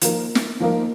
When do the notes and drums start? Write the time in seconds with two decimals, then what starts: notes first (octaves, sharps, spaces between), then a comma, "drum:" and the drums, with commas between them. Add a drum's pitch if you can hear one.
0.01 F3 A#3 D#4 A#4, drum: hi-hat
0.35 drum: snare
0.60 F3 A#3 D#4 A#4